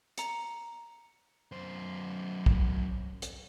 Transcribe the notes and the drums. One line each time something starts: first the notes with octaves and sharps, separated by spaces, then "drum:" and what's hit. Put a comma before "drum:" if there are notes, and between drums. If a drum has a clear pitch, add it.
A#5 C#7, drum: hi-hat
F#2 C5
drum: kick
drum: hi-hat